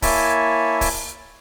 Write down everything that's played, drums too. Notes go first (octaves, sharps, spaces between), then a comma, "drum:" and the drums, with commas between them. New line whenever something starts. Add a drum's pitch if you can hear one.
A#3 E4 C#5 E5 G#5 A5, drum: kick, open hi-hat
drum: kick, open hi-hat